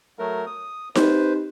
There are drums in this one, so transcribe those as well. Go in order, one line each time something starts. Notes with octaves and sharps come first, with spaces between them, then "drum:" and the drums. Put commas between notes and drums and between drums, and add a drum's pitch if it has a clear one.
F#3 A3 A#4
D#6
C4 D#4 G4 B4 C5, drum: snare D#4